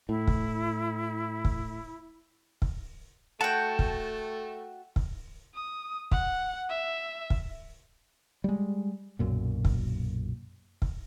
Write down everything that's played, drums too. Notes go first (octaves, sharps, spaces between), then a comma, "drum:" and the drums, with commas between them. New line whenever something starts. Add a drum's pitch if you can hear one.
A2 E4
drum: kick
drum: kick
drum: kick
A3 F#4 G5 A5
drum: kick
drum: kick
D#6
F#5, drum: kick
E5
drum: kick
G3 G#3
B1 F#2 A#2
drum: kick
drum: kick